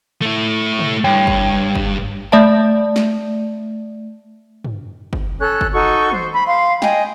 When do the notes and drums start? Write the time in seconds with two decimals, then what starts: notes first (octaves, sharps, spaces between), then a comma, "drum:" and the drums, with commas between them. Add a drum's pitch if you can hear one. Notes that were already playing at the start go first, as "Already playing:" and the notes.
0.22 A3 E4
0.79 drum: tom
1.04 G2 C#5 G5
1.27 drum: kick
1.75 drum: kick
2.32 A3 D5 E5 A5
2.96 drum: snare
4.65 drum: tom
5.13 drum: kick
5.40 C#4 A4 F#6
5.61 drum: kick
5.73 D#4 F#4 A4 C#6
6.12 C5, drum: tom
6.33 B5
6.47 F5 C6
6.82 D#5 G5 G#5, drum: snare